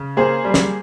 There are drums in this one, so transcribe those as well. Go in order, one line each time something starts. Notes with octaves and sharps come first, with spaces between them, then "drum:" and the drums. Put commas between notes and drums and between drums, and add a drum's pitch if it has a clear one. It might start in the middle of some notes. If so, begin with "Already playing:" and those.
Already playing: C#3
A#3 G#4 C5
G3
drum: snare